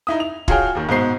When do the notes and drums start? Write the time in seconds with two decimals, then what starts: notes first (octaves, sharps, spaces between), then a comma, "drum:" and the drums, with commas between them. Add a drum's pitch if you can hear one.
0.07 D#4 E4 D#6
0.20 F7
0.48 F4 F#4 G#4 C#5 F5 G5, drum: kick
0.75 D#2 D#3
0.89 G#2 B2 C5 C7